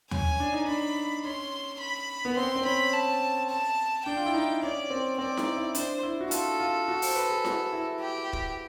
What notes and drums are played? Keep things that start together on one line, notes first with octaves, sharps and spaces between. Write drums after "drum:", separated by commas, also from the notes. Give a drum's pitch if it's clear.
C#4 G#5, drum: tom D#2
D4
D#4
D4 B5
C#4 C6
B5
B3
C4 C6
C4
C#4 B5
A5
A5
D4 G5
F4
E4
D#4
C#4 D5
C4
C4 D5
D#4, drum: snare E4
E4
D4 C5, drum: hi-hat
E4
F#4
F4 A4, drum: hi-hat
F4
F#4
C5, drum: open hi-hat
B4
G#4
F#4, drum: snare E4
E4
G4
drum: kick